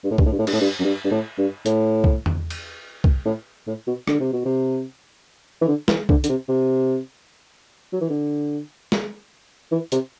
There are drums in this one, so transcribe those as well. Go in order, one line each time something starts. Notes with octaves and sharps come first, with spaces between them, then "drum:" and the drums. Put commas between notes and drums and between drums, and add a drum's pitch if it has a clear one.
G2
A2
G2, drum: kick C2
A2
G2
A2
G2, drum: cymbal
A2
G2
F#2
G2
G2
A2
G2
A2, drum: hi-hat
drum: kick C2
drum: tom E2
drum: cymbal
drum: kick C2
A2
A2
B2
D3, drum: rim click
C3
B2
C3
E3
D3
E3, drum: snare
D3, drum: kick C2
D3, drum: hi-hat
C3
C3
F#3
E3
D3
drum: snare
E3
C3, drum: hi-hat